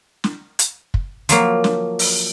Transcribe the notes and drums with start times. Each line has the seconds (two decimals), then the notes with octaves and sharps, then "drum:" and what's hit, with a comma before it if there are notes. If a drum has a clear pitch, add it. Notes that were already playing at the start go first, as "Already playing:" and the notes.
0.24 drum: snare
0.59 drum: hi-hat
0.94 drum: kick
1.29 F3 F#3 A#3, drum: hi-hat
1.64 drum: snare
1.99 drum: open hi-hat